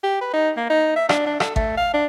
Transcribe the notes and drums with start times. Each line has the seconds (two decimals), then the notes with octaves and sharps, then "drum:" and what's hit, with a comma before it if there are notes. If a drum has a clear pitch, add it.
0.04 G4
0.22 B4
0.34 D#4
0.57 A#3
0.70 D#4
0.96 E5
1.09 D4, drum: rim click
1.27 D4
1.40 A4, drum: rim click
1.56 A3, drum: kick G#1
1.78 F5
1.94 D4